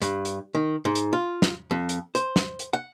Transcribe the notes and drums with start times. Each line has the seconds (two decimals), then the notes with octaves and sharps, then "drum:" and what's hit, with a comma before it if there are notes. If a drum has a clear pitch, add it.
0.02 G2, drum: hi-hat
0.25 drum: hi-hat
0.55 D#3
0.85 G#2
0.95 drum: hi-hat
1.13 F4
1.42 drum: snare
1.71 F2
1.89 drum: hi-hat
2.15 C5, drum: hi-hat
2.36 drum: snare
2.59 drum: hi-hat
2.73 F#5